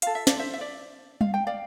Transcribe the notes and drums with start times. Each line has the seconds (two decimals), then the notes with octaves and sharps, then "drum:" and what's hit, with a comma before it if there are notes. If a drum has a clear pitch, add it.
0.02 F4 A4 F5, drum: hi-hat
0.15 E5
0.27 D5, drum: snare
0.39 C5 E5
0.53 E5
0.61 D5
1.21 F5, drum: tom G3
1.34 G5
1.47 D5 F5